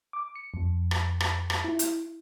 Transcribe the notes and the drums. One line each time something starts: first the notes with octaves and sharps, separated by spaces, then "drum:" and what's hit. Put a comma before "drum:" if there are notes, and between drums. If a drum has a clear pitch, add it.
D6
C#7
F2
drum: rim click
drum: rim click
drum: rim click
E4
drum: hi-hat